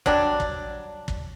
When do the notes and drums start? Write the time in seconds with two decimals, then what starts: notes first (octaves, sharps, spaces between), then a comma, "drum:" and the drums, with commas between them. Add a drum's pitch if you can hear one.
0.06 F#3 G3 D4, drum: kick
0.40 drum: kick
1.08 drum: kick